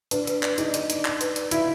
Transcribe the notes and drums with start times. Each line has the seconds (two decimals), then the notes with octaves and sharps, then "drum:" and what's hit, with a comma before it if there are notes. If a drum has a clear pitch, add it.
0.11 D4 B4, drum: hi-hat
0.27 B4, drum: hi-hat
0.43 D5, drum: clap
0.58 D#4 G#4, drum: hi-hat
0.74 D5, drum: hi-hat
0.90 D5, drum: hi-hat
1.05 D5, drum: clap
1.21 B4, drum: hi-hat
1.36 D5, drum: hi-hat
1.51 E4 F5, drum: hi-hat